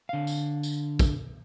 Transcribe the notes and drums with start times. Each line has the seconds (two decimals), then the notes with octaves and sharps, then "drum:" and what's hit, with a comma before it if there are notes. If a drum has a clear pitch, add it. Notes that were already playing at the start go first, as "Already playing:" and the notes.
0.09 D3 F5
0.27 drum: tambourine
0.63 drum: tambourine
0.99 drum: kick, tambourine